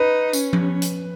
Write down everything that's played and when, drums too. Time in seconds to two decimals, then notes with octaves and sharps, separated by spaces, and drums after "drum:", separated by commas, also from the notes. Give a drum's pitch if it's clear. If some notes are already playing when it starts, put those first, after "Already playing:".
Already playing: D#4 B4
0.33 C#4, drum: tambourine
0.53 drum: tom F3
0.82 drum: hi-hat